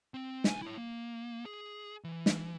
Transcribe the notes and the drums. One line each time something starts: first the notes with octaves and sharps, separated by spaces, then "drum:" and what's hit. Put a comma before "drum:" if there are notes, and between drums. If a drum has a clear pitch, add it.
C4
C2 G#5, drum: snare
E4 C#5
A#3
G#4
E3
drum: snare